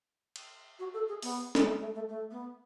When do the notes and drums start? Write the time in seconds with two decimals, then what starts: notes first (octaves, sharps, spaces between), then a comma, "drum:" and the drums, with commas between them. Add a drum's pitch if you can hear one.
0.36 drum: cymbal
0.79 F#4
0.94 A4
1.08 G#4
1.22 B3, drum: open hi-hat
1.55 G#3, drum: snare
1.66 A3
1.80 A3
1.94 A3
2.09 A3
2.31 B3